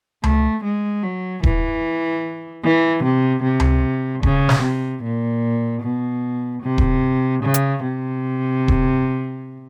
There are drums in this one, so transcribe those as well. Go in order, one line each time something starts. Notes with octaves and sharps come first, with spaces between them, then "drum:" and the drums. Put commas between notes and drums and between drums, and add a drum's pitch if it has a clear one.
A3, drum: tom C#2
G#3
F#3
E3, drum: kick D#1
E3
C3
C3
drum: tom C#2
C#3, drum: kick D#1
drum: snare
C3
A#2
B2
C3
drum: kick D#1
C#3
drum: hi-hat
C3
drum: kick D#1